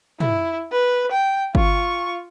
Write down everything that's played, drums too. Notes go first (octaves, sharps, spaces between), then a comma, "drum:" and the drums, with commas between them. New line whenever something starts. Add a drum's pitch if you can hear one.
E4, drum: tom
B4
G5
F4 C#6, drum: kick G1